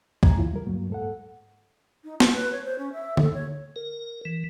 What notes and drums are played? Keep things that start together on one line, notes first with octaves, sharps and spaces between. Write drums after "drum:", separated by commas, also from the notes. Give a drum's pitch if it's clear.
G#5 A#5 G#6, drum: kick C#2
C#2 A2 E3 E4 F4
C#2 G3 A#4
D2 G2 F#3 A#3
G#2 A4 F#5
D#4
F4, drum: snare
B4
C#5
C5
C#4
E5
A4, drum: tom D3
C#5
A#4
E3